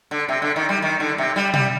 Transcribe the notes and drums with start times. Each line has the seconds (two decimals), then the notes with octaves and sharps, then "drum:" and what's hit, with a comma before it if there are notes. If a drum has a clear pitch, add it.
0.11 D3
0.29 C3
0.42 D3
0.56 D#3
0.69 G3
0.82 D#3
1.00 D3
1.18 C3
1.36 G3
1.54 G3, drum: tom B2